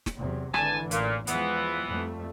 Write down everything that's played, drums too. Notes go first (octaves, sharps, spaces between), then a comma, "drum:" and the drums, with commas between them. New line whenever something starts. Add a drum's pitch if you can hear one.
drum: snare
E2 C3 F#3
G#1 D3 E3 G#5 A5, drum: rim click
A1 A#2, drum: hi-hat
E2 E3 F3 G#3 B3, drum: hi-hat
F2 G3 A3